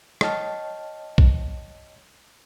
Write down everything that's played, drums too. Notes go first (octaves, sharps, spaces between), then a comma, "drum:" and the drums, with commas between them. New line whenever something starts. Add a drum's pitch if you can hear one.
C#5 D#5 G5 A5 F6, drum: rim click
drum: kick A#1